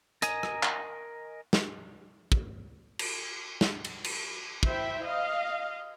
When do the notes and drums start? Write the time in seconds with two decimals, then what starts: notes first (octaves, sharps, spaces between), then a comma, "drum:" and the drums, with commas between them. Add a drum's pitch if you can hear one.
0.22 A#4 D#5 G#5 A#5, drum: hi-hat
0.43 drum: rim click
0.63 drum: clap
1.53 drum: snare
2.32 drum: kick
2.99 drum: cymbal
3.61 drum: snare
3.85 drum: cymbal
4.04 drum: cymbal
4.63 E4 C5 E5 G5, drum: kick
5.05 D#5 F5